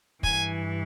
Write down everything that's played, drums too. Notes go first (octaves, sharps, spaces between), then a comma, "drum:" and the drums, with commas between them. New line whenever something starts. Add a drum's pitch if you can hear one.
G2 E3 G#5, drum: kick